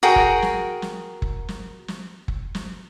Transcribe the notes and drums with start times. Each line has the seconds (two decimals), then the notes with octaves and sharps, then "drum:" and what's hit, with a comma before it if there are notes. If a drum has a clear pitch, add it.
0.03 F#4 G#4 A#4 G5
0.16 drum: kick
0.42 drum: snare
0.82 drum: snare
1.22 drum: kick
1.49 drum: snare
1.88 drum: snare
2.28 drum: kick
2.55 drum: snare